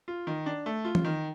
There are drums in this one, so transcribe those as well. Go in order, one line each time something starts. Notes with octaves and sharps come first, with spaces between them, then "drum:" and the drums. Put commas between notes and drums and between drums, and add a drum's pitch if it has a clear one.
F4
D#3
D4
A3
F4
drum: tom E3
D#3